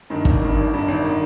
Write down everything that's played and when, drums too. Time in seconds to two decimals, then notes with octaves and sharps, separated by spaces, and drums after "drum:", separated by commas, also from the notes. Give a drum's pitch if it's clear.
0.10 G2 D#3
0.25 G#1, drum: kick
0.42 G2 D#3
0.56 G#1
0.73 G2 D#3
0.88 G#1
1.04 D#3